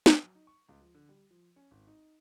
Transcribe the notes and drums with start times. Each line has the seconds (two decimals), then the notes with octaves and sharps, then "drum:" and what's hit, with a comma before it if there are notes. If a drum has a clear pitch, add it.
0.06 drum: snare
0.23 F#3
0.35 D#4
0.47 C#6
0.69 C#2
0.81 F3
0.95 D3
1.09 G3
1.31 F3
1.56 C#4
1.71 G#1
1.87 D#4